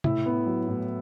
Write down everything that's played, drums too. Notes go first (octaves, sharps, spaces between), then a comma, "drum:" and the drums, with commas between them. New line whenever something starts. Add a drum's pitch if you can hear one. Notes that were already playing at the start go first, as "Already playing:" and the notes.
A2 E4, drum: tom C3
B3
F#3
A2